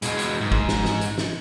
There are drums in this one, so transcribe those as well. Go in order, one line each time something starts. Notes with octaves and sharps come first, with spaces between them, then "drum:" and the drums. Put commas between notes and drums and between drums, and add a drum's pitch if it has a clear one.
B2 G#3, drum: hi-hat
drum: hi-hat
G#2
drum: kick
drum: snare
drum: snare
drum: hi-hat
drum: snare